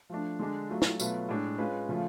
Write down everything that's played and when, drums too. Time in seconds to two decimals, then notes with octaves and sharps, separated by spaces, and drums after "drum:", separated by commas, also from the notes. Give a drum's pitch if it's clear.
0.10 F3 A3 D4
0.39 D3 G#3 D4
0.69 F#3 A3 F4
0.82 drum: snare
1.00 B2 F#3 A3 F4 B4, drum: tambourine
1.29 A2 G#3 D4
1.58 G#3 C#4 F4 B4
1.89 C#3 F3 A3 C#4 F4